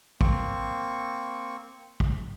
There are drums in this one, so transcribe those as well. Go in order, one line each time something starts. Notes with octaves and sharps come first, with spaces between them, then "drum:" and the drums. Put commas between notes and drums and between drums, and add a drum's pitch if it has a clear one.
A#3 C4 C#6, drum: kick
drum: kick